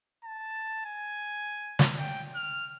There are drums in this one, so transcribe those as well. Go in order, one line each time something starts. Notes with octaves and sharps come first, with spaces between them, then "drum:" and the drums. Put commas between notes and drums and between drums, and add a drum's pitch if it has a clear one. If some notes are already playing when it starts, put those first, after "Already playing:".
A5
G#5
drum: snare
G5
F6